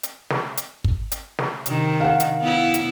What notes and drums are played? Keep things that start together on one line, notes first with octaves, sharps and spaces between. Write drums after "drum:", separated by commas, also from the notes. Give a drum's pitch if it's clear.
drum: hi-hat
drum: snare
drum: hi-hat
drum: kick
drum: hi-hat
drum: snare
C3 D#3, drum: hi-hat
F5 F#5
drum: hi-hat
B3 E4
drum: hi-hat